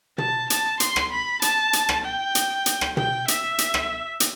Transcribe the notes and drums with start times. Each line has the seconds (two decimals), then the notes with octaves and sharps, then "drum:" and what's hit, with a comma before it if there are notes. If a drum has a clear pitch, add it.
0.18 A5, drum: tom
0.50 A5, drum: hi-hat
0.80 C6, drum: hi-hat
0.96 drum: rim click
1.12 B5
1.42 A5, drum: hi-hat
1.73 drum: hi-hat
1.89 drum: rim click
2.04 G5
2.35 drum: hi-hat
2.66 drum: hi-hat
2.81 drum: rim click
2.97 G5, drum: tom
3.28 E5, drum: hi-hat
3.58 drum: hi-hat
3.74 drum: rim click
4.20 drum: hi-hat